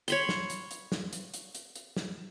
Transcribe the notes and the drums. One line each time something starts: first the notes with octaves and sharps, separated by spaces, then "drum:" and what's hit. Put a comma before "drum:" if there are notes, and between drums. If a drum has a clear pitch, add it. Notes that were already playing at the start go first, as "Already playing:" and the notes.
C#5 B5 C6, drum: hi-hat
drum: snare
drum: hi-hat
drum: hi-hat
drum: snare
drum: hi-hat
drum: hi-hat
drum: hi-hat
drum: hi-hat
drum: snare